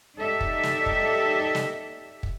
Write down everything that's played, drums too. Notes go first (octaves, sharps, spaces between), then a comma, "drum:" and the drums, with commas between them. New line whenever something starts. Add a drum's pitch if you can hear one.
D#4 G4 A4 D5 E5
drum: kick
drum: snare
drum: kick
drum: snare
drum: kick